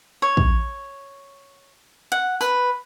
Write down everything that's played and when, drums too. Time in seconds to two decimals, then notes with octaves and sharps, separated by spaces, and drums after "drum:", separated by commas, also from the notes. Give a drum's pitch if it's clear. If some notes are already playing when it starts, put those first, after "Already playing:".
0.22 C#5
0.37 drum: kick
2.12 F#5, drum: hi-hat
2.41 B4, drum: tambourine